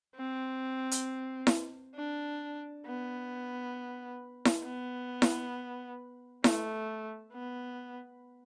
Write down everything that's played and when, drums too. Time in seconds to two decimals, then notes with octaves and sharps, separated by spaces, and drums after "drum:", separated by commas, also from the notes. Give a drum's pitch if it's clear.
0.16 C4
0.91 drum: hi-hat
1.47 drum: snare E4
1.95 D4
2.86 B3
4.45 drum: snare E4
4.64 B3
5.22 drum: snare E4
6.44 A3, drum: snare E4
7.33 B3